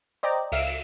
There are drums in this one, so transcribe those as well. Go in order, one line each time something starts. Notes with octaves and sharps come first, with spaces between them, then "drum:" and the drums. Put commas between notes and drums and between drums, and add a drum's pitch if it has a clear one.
C5 D5 D#5 G5 A#5
C#2 E5 F5 C7 D7 E7, drum: cymbal